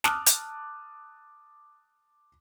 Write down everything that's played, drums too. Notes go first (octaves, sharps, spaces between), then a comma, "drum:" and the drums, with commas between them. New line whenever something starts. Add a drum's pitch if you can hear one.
A5 D6 D#6 F6 F#6, drum: snare
drum: hi-hat